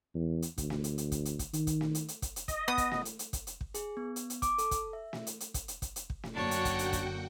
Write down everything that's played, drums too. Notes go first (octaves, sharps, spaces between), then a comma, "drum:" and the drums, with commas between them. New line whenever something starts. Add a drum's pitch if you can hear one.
E2
drum: hi-hat
D2, drum: kick, hi-hat
drum: snare
drum: hi-hat
drum: hi-hat
drum: kick, hi-hat
drum: hi-hat
drum: kick, hi-hat
D#3, drum: hi-hat
drum: kick, hi-hat
drum: snare
drum: hi-hat
drum: hi-hat
drum: kick, hi-hat
drum: hi-hat
D#5, drum: kick, hi-hat
B3 D#6
drum: kick, hi-hat
drum: snare
drum: hi-hat
drum: hi-hat
drum: kick, hi-hat
drum: hi-hat
drum: kick
G#4, drum: hi-hat
B3
drum: hi-hat
drum: hi-hat
D6, drum: kick, hi-hat
A4, drum: hi-hat
drum: kick, hi-hat
E5
drum: snare
drum: hi-hat
drum: hi-hat
drum: kick, hi-hat
drum: hi-hat
drum: kick, hi-hat
drum: hi-hat
drum: kick
drum: snare
F#2 D3 A#3 D4 F#4 C#5 F#5 G5
drum: hi-hat
drum: kick, hi-hat
drum: hi-hat
drum: kick, hi-hat